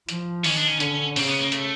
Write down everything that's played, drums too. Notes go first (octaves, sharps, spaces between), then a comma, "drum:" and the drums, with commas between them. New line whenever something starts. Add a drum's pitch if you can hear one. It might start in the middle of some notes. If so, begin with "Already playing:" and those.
F3, drum: hi-hat
D#3 C#4, drum: open hi-hat
D4
C#4
D3 C#4, drum: hi-hat
C#3 C4, drum: open hi-hat
B3
A#3
A3, drum: hi-hat